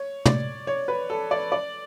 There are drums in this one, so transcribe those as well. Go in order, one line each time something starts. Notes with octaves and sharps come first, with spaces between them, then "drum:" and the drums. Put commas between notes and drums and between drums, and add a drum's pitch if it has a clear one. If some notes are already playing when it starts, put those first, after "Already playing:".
Already playing: C#5
D5, drum: tom
C#5
B4
A4
D5
D5